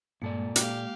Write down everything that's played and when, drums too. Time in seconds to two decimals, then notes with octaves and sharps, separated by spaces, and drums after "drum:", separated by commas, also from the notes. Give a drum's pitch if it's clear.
0.22 G2 A#2 G#3 A#3 A4 D5
0.56 G4 F5 D6, drum: hi-hat